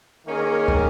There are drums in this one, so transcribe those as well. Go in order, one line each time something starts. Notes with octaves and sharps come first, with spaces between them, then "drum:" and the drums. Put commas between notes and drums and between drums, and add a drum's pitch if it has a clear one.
D#3 A#3 C#4 G#4 A#4
drum: kick